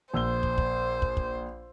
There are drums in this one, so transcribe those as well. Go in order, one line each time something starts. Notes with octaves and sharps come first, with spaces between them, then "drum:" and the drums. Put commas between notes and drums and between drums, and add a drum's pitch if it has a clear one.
A#1 C5 E6 G7
drum: kick
drum: kick
drum: kick
drum: kick